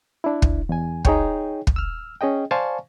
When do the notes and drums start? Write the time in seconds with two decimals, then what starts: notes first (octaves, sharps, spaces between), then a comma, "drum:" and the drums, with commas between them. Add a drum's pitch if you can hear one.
0.24 D4 E4
0.42 drum: kick
0.69 E2 G#5
1.05 D#4 G#4 C#5 G5, drum: kick
1.67 drum: kick
1.76 E6 F6
2.21 C#4 G#4 D#5 G5
2.51 C5 D5 F5 G#5 A5 C#6